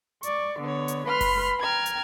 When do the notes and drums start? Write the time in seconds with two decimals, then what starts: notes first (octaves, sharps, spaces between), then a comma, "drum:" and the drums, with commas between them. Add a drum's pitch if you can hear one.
0.23 D5 C#6, drum: hi-hat
0.60 D3 B3 C#5
0.88 drum: hi-hat
1.08 B4 B5 C6 F6
1.21 drum: kick F#1, open hi-hat
1.61 G5 A#5 F6 G#6
1.86 drum: hi-hat